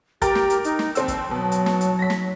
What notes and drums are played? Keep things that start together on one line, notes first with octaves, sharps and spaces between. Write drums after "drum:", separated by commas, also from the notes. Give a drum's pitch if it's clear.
G4 A#4 G5 A6, drum: kick, hi-hat
drum: snare
drum: hi-hat
D#4, drum: hi-hat
drum: snare
D#2 C4 G5 E6, drum: hi-hat
drum: kick, hi-hat
B2 F#3 A5
drum: hi-hat
drum: snare
drum: hi-hat
A#6 B6
drum: snare